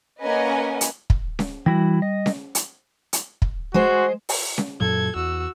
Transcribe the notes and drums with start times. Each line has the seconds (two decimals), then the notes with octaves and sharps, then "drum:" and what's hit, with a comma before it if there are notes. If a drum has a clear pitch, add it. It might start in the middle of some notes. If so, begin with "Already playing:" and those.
0.21 A#3 C#4 B4 D#5 F#5 G#5
0.81 drum: hi-hat
1.10 drum: kick
1.39 drum: snare C#4
1.66 E3 G3 E4 F#4
2.02 D#5
2.26 drum: snare C#4
2.55 drum: hi-hat
3.13 drum: hi-hat
3.42 drum: kick
3.74 G#3 F#4 G#4 C5
4.29 drum: open hi-hat
4.58 drum: snare C#4
4.81 F#2 A#2 F#3 A4 G#6
5.16 E2 F#4 E6